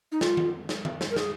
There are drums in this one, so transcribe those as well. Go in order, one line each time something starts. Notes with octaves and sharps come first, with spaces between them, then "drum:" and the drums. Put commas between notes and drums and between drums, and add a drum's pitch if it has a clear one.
D#4
F4, drum: snare
drum: tom D#3
drum: snare
drum: tom D#3
drum: snare
A#4
G#4, drum: snare